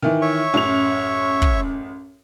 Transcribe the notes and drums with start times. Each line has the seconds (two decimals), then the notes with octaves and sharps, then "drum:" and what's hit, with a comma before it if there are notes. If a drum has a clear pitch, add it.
0.02 D#3 E3
0.22 C#5 E5 C#6
0.54 A1 F#2 F7
1.42 drum: kick